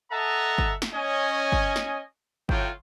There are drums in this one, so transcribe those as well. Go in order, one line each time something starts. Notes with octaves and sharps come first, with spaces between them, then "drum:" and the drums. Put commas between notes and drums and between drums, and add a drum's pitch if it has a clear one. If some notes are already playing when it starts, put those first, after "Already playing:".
A4 D#5 E5 F#5 A5 A#5
drum: kick G1
drum: snare
C#4 D#5 G#5
drum: kick G1
drum: snare
A2 F#3 F4 G5, drum: kick G1